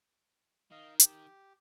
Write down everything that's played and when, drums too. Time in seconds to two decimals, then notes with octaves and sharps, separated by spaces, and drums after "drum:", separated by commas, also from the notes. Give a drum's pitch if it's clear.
0.71 D#3 D#5 F5
1.00 G4, drum: hi-hat